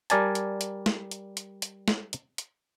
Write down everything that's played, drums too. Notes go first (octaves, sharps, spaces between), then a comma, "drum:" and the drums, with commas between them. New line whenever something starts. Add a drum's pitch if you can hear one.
G3 A#4 D5 G#5 A5, drum: hi-hat
drum: hi-hat
drum: hi-hat
drum: snare
drum: hi-hat
drum: hi-hat
drum: hi-hat
drum: snare
drum: hi-hat
drum: hi-hat